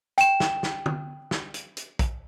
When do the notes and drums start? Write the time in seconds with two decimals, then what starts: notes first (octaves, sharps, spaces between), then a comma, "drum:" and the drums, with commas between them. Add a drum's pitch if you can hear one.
0.18 G5 E7, drum: hi-hat
0.40 drum: snare
0.63 drum: snare
0.86 drum: tom
1.31 drum: snare
1.54 drum: hi-hat
1.77 drum: hi-hat
1.99 drum: kick A#1, hi-hat